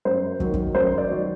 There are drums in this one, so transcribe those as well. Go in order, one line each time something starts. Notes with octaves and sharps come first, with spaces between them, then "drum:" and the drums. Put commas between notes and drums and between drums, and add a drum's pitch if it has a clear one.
F#2 C5
D#3 F#3, drum: kick
drum: kick
F#2 C5
D5
D#3 F#3